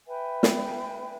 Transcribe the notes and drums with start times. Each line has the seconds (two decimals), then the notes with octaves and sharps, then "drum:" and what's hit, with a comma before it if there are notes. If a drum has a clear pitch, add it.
0.07 B4 E5 G5 G#5
0.43 drum: snare